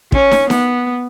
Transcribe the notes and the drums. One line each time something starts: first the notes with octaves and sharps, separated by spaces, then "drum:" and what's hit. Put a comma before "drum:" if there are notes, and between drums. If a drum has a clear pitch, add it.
C#4, drum: kick
drum: snare
B3, drum: snare